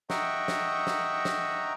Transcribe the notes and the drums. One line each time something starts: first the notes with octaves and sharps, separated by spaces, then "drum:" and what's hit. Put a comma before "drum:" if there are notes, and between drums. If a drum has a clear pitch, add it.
D#5 E5 F#5 G5 A#5 C#6, drum: snare
drum: snare
drum: snare
drum: snare